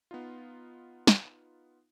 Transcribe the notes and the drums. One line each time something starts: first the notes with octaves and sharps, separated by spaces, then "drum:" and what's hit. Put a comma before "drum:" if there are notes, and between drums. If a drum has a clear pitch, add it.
B3 D#4 F4
drum: snare